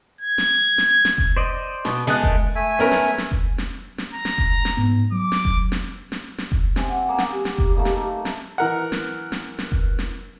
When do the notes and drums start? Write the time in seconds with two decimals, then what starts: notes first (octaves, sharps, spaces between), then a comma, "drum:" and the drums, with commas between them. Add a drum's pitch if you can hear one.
0.21 G#6
0.38 drum: snare
0.78 drum: snare
1.05 drum: snare
1.18 drum: kick F1
1.37 C5 D5 D#5
1.85 B2, drum: snare
2.07 C#3 G#3 A3 B3 F#6
2.23 A#4, drum: kick F1
2.55 A3 E5 G#5
2.79 B3 C#4 A#4
2.92 drum: snare
3.18 drum: snare
3.32 drum: kick F1
3.58 drum: snare
3.98 drum: snare
4.14 A#5
4.25 drum: snare
4.38 drum: kick F1
4.65 drum: snare
4.77 G#2 B3
5.12 F#3 D6
5.32 drum: snare
5.45 drum: kick F1
5.72 drum: snare
6.12 drum: snare
6.38 drum: snare
6.52 drum: kick F1
6.76 C3 G#5 D6, drum: snare
6.89 F#5
7.09 A#3 G#4 A#4
7.18 drum: snare
7.33 G4
7.45 drum: snare
7.58 drum: kick F1
7.76 A3 A#3 D#4
7.85 drum: snare
8.25 drum: snare
8.58 E3 A#4 F#5
8.92 drum: snare
9.32 drum: snare
9.59 drum: snare
9.72 drum: kick F1
9.99 drum: snare